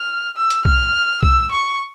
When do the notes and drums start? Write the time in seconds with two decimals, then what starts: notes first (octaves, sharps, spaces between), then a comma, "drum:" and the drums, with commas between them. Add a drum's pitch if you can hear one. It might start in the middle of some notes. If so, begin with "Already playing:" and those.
Already playing: F6
0.37 E6
0.50 drum: hi-hat
0.65 F6, drum: kick B1
1.23 E6, drum: kick B1
1.51 C#6